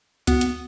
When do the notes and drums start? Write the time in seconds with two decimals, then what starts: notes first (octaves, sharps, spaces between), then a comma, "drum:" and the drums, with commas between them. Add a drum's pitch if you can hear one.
0.27 B3 F#4, drum: kick C#2, hi-hat
0.41 drum: hi-hat